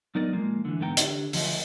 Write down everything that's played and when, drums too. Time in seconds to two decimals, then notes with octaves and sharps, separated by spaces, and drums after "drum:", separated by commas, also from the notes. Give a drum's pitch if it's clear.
0.15 F#3 B3 D#4 A#4 D5 D#5
0.33 A#2 F3 G#3 A#3
0.65 D3 E3
0.80 G#2 D3 E3 B3 G5 A#5
0.97 D3 G4, drum: hi-hat
1.33 D2 F3 D#5, drum: open hi-hat